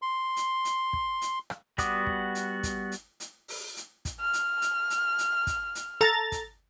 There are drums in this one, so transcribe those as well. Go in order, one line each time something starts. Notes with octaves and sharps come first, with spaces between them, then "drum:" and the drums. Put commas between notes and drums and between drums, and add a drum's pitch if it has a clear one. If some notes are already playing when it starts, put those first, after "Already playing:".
C6
drum: hi-hat
drum: hi-hat
drum: kick
drum: hi-hat
drum: rim click
G3 B3 F#4 D6 D#6, drum: kick, hi-hat
drum: kick
drum: hi-hat
drum: kick, hi-hat
drum: hi-hat
drum: hi-hat
drum: open hi-hat
drum: hi-hat
drum: kick, hi-hat
F6
drum: hi-hat
drum: hi-hat
drum: hi-hat
drum: hi-hat
drum: kick, hi-hat
drum: hi-hat
A4 A#5 A6, drum: rim click
drum: kick, hi-hat